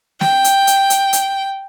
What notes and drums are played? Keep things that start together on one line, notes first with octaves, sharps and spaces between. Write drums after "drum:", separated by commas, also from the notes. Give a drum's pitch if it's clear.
G5, drum: snare
drum: hi-hat
drum: hi-hat
drum: hi-hat
drum: hi-hat